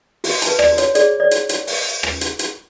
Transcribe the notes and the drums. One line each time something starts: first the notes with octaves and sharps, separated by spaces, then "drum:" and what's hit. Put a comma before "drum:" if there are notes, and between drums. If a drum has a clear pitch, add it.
F#4, drum: open hi-hat
A5, drum: hi-hat
B4
D5, drum: rim click
F#4
C#5, drum: hi-hat
G#4 D5, drum: hi-hat
C#5 D5
drum: hi-hat
drum: hi-hat
drum: open hi-hat
drum: rim click
drum: hi-hat
drum: hi-hat